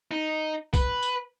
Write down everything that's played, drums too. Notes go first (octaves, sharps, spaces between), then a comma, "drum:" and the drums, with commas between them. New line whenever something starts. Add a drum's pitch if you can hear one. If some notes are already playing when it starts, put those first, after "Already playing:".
D#4
B4, drum: kick, tambourine
drum: tambourine